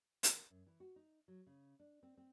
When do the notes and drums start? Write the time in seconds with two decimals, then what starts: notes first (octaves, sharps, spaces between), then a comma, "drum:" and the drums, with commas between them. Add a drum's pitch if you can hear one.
0.23 D#3, drum: hi-hat
0.50 F#2
0.67 E3
0.80 F#4
0.96 D#4
1.28 F#3
1.47 C#3
1.80 D4
2.03 C4
2.17 C4